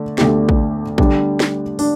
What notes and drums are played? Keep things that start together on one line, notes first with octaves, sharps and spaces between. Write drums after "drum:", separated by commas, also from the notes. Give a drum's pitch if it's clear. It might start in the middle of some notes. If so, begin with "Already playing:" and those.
Already playing: D3 A3
D2 D3 A3 G4, drum: snare
drum: kick
D3 G3 D4, drum: kick
drum: snare
D4, drum: open hi-hat